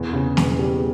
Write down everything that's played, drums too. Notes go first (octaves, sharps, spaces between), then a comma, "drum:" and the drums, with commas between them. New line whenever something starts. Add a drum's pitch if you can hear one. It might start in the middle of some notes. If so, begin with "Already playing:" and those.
Already playing: E2
C#3
E1, drum: snare
G3